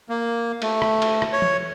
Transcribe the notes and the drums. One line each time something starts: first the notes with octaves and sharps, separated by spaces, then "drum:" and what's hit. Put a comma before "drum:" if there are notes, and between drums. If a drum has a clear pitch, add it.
A#3
A3, drum: cymbal
drum: rim click
drum: cymbal
drum: rim click
C#5
drum: tom E3